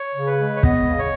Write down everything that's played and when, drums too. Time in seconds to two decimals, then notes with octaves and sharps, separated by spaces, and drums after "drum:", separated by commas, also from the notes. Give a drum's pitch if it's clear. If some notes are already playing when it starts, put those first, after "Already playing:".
Already playing: C#5
0.15 C#3
0.27 B4
0.39 G#3
0.56 C#5
0.63 B3 D#5, drum: kick
0.87 C#3
0.99 C#5